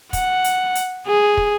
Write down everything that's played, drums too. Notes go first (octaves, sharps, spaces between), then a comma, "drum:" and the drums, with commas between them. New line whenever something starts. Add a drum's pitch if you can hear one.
F#5, drum: kick, hi-hat
drum: hi-hat
drum: hi-hat
G#4
drum: kick